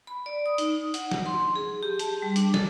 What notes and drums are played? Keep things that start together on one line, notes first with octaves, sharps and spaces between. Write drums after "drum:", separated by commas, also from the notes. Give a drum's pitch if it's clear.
B5
D5
D#6
D#4, drum: hi-hat
F#5, drum: hi-hat
drum: snare
C6
G#4
G4
A5, drum: hi-hat
G3
D4, drum: hi-hat
A4, drum: snare